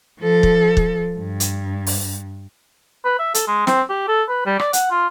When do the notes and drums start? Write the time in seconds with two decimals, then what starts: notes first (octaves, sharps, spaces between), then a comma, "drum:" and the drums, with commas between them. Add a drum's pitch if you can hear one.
0.19 F3 A4
0.43 drum: kick
0.77 drum: kick
1.18 G2
1.40 drum: hi-hat
1.87 drum: open hi-hat
3.05 B4
3.19 E5
3.34 A4, drum: hi-hat
3.48 G#3
3.67 C4, drum: snare
3.90 G4
4.08 A4
4.29 B4
4.46 G3
4.59 D5, drum: rim click
4.73 F#5, drum: hi-hat
4.91 F4